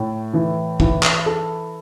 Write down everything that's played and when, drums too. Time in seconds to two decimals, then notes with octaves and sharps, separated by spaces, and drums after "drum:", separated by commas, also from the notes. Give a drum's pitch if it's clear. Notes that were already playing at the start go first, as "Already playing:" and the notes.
Already playing: A2 A3
0.34 E3
0.80 E3, drum: kick
1.03 drum: clap
1.26 A4